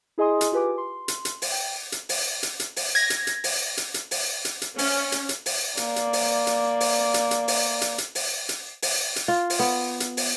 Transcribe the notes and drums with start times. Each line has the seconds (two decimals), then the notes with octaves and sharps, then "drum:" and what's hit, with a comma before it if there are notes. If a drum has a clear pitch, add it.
0.18 E4 G#4 D#5 G#5 C6 D#6
0.41 drum: hi-hat
0.52 F4 G4 B4 G#5 D6
0.78 C6
1.08 drum: hi-hat
1.25 drum: hi-hat
1.42 drum: open hi-hat
1.52 G5
1.92 drum: hi-hat
2.09 drum: open hi-hat
2.43 drum: hi-hat
2.60 drum: hi-hat
2.76 drum: open hi-hat
2.95 G#6 A#6
3.10 drum: hi-hat
3.27 drum: hi-hat
3.44 drum: open hi-hat
3.77 drum: hi-hat
3.94 drum: hi-hat
4.11 drum: open hi-hat
4.45 drum: hi-hat
4.62 drum: hi-hat
4.78 C#4, drum: open hi-hat
5.12 drum: hi-hat
5.29 drum: hi-hat
5.46 drum: open hi-hat
5.77 A#3 D5, drum: hi-hat
5.96 drum: hi-hat
6.13 drum: open hi-hat
6.47 drum: hi-hat
6.80 drum: open hi-hat
7.14 drum: hi-hat
7.31 drum: hi-hat
7.48 drum: open hi-hat
7.81 drum: hi-hat
7.98 drum: hi-hat
8.15 drum: open hi-hat
8.49 drum: hi-hat
8.82 drum: open hi-hat
9.16 drum: hi-hat
9.28 F4
9.50 drum: open hi-hat
9.59 B3
10.00 drum: hi-hat
10.17 drum: open hi-hat